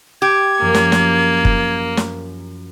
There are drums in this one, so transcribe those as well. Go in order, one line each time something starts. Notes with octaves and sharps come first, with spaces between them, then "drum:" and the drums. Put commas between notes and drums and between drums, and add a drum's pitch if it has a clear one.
G4 G#6
F#2 F3 A#3
drum: snare
drum: snare
drum: kick F#1
drum: snare